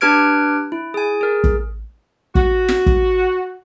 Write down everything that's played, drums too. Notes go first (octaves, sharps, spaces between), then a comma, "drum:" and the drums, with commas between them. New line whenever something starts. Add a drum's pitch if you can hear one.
D4 G4 B4 F6 G#6 D7
E4
G#4 G#5
G#4 A#4
drum: kick
F#4, drum: kick
drum: snare
drum: kick